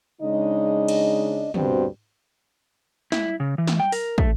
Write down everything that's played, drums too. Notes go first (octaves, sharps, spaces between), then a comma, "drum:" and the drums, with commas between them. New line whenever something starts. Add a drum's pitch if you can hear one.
C#3 G#3 D4 D#4 D#5
drum: cymbal
D2 G2 B2 C4 F#4 C5, drum: tom
E4, drum: snare
C#3
E3
drum: snare
G5
A#4, drum: open hi-hat
A3, drum: kick